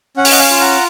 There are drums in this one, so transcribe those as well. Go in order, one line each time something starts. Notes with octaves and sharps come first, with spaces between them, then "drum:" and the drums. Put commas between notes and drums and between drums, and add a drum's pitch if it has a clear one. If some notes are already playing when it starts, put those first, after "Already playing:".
C#4 F#5
G#5, drum: open hi-hat
D#5 F#5
F5 G#5
F4
F#5 A#5